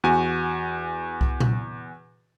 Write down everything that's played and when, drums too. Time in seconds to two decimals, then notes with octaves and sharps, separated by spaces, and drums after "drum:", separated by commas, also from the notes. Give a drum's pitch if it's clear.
0.04 E2 F#4 G#5
1.21 drum: kick C2
1.40 drum: tom A#2